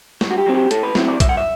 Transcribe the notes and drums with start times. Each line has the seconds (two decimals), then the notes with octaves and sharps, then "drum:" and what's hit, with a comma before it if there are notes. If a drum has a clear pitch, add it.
0.21 G2, drum: snare
0.31 F#4
0.38 G4
0.46 F#3 C4
0.55 G4
0.71 A2 A4, drum: hi-hat
0.83 B4
0.95 F#3 C4 E4, drum: snare
1.08 D5
1.20 G2 E5, drum: kick A#1, hi-hat
1.29 F#5
1.37 E5